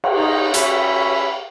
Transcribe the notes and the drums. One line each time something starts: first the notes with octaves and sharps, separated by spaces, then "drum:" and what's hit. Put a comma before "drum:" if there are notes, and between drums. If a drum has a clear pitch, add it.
drum: cymbal
D#4
C#4 F#4 E5 B5, drum: hi-hat